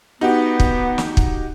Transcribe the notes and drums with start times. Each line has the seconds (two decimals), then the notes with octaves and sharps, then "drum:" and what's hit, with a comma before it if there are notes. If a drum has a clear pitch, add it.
0.21 B3 D#4 F#4 G4
0.60 drum: kick
0.98 drum: snare
1.17 drum: kick